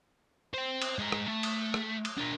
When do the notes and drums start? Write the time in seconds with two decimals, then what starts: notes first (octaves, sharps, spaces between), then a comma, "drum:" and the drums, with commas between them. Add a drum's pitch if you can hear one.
0.54 C5 G5
0.82 drum: cymbal
0.99 G#3 A#5
1.12 drum: rim click
1.28 A3
1.43 drum: cymbal
1.74 drum: rim click
2.05 drum: cymbal
2.18 D4 A#4